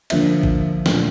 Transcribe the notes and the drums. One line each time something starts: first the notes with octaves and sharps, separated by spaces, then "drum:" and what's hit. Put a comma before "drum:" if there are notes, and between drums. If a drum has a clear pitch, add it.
D3 F3 A#3 D4 E5, drum: cymbal
drum: kick G#1
A#2 A3 D4, drum: snare